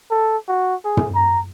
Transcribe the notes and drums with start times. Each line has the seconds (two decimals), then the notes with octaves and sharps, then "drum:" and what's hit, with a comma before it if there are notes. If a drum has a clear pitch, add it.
0.11 A4
0.48 F#4
0.85 G#4
0.97 drum: tom
1.15 A#5